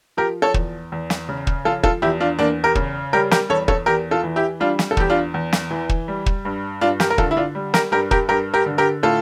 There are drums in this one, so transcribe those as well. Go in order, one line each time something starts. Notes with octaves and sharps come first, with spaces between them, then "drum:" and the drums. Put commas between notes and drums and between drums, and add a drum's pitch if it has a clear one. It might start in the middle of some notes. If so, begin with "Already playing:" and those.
F3 G4 A#4
A4 C#5
E2, drum: kick
E2
drum: snare
C#3
drum: kick
F3 F4 A4
F4 A4, drum: kick
E2 E4 G4
D4 F4
E2 A#3 D4
G4 A#4
C#3, drum: kick
G3 G4 A#4
G4 A#4, drum: snare
E2 A4 C#5
A4 C#5, drum: kick
E2 G4 A#4
F4 A4
E3
E4 G4
G3 D4 F4
drum: snare
A4
E2 G4, drum: kick
D4 F4
E2
drum: snare
E3
drum: kick
G3
drum: kick
G2
G2 D4 F4
G4 A#4, drum: snare
A#4
D3 F4 A4, drum: kick
E4
D4 F4
G3
G4 A#4, drum: snare
G2 G4 A#4
G4 A#4, drum: kick
G2 G4 A#4
G4 A#4
D3
G4 A#4
A2 F4 A4